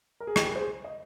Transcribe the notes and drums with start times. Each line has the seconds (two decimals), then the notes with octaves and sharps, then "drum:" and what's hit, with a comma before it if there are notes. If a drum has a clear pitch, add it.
0.20 A#4
0.27 G#4
0.36 G4, drum: rim click
0.44 G#4
0.54 G#4 C5
0.85 D#5